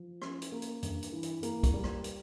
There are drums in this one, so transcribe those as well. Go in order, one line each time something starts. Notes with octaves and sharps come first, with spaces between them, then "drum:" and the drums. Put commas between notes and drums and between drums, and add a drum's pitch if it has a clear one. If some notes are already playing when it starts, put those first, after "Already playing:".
Already playing: F3
C#4, drum: rim click
drum: hi-hat
A#3
drum: hi-hat
G2, drum: hi-hat
drum: hi-hat
E3
drum: hi-hat
A#3, drum: hi-hat
drum: kick, hi-hat
G3
drum: rim click
drum: hi-hat